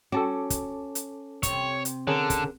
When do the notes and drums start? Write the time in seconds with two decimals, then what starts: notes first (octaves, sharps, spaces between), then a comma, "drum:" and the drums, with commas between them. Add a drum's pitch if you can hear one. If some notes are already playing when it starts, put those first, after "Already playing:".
0.12 C#4 F#4 A4 A5 D6
0.50 drum: kick, hi-hat
0.95 drum: hi-hat
1.43 C3 C#5, drum: kick, hi-hat
1.85 drum: hi-hat
2.07 D3 C#4 G#4 A#4
2.30 drum: kick, hi-hat